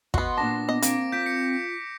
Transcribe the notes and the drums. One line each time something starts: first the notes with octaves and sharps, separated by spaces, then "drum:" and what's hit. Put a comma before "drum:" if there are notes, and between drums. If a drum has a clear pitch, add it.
B3 F#4 D#5 C6, drum: kick
A#2 D4 A5 D6 A#6
B3 D#5
A#3 C4 D6 D7, drum: hi-hat
F4 G6 B6 D7
C#7